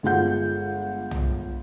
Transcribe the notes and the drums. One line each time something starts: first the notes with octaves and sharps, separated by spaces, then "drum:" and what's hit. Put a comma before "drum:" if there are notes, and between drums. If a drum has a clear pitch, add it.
G1 G#3 F4 F#5 G6
drum: tom